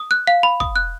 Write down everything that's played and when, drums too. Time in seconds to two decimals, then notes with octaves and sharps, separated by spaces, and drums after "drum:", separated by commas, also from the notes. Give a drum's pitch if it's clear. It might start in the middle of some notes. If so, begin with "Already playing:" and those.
Already playing: D#6
0.11 F#6
0.27 F5
0.43 B5
0.60 D#6, drum: kick
0.76 F#6